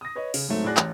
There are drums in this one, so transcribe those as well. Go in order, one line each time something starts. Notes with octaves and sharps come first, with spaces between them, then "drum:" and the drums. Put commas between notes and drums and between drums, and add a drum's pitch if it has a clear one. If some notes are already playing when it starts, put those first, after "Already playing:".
D#6 A#6
B4 C#5 D#5
C#3, drum: open hi-hat
G#2 F#3 A3 C4
A2 F#4 G#4 D5 F#6 A#6
A1, drum: clap